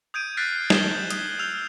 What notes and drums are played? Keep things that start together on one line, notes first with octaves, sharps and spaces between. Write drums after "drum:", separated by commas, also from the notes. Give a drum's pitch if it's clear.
D#6 G6 G#6 D7 D#7
F6 F#6 A6 B6 C7 D7
D#6 G#6 B6 E7 F#7 G7, drum: snare
G6 E7
D#6, drum: hi-hat
E6 F6 G6 F7